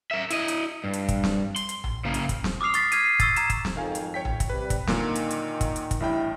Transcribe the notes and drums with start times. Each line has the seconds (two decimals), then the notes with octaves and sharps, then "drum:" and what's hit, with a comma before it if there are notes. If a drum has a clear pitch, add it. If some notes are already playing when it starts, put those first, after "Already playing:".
0.11 A#4 E5
0.30 E4 D#5, drum: hi-hat
0.48 drum: hi-hat
0.84 G2
0.93 drum: hi-hat
1.09 drum: kick, hi-hat
1.24 drum: snare
1.56 C6, drum: hi-hat
1.69 drum: hi-hat
1.84 drum: tom A#1
2.05 C#3 A#3
2.14 drum: hi-hat
2.29 drum: kick, hi-hat
2.44 drum: snare
2.61 D6 D#6 F6 C7 F7
2.74 C#6 A6 B6, drum: hi-hat
2.92 F6 G#6 C7 D#7, drum: hi-hat
3.04 C7
3.20 C#6 E6 A6, drum: kick, hi-hat
3.36 A#5 G#6 E7, drum: hi-hat
3.50 drum: kick, hi-hat
3.65 drum: snare
3.76 G#1 F2 D#3 F5 G#5
3.95 drum: hi-hat
4.14 C#5 G5 B6
4.25 drum: tom A#1
4.40 drum: kick, hi-hat
4.50 C3 G3 B4
4.70 drum: kick, hi-hat
4.87 A#2 D3 D#3 A#3, drum: snare
5.15 drum: hi-hat
5.31 drum: hi-hat
5.61 drum: kick, hi-hat
5.76 drum: hi-hat
5.91 drum: kick, hi-hat
6.00 A1 G2 E4 G5